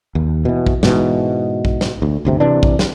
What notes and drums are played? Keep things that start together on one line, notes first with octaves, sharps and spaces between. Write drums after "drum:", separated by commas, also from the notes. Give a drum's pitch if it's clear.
D#2
B2 E3
drum: kick
G#2 B2 E3, drum: snare
drum: kick
drum: snare
D2
G1 D2 C3
C3 E3 D4
drum: kick
drum: snare